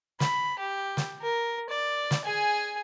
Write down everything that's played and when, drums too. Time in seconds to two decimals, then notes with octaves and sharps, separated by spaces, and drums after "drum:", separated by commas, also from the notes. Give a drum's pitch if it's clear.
0.20 B5, drum: snare
0.59 G4
0.97 drum: snare
1.22 A#4
1.70 D5
2.11 drum: snare
2.25 G#4 G#5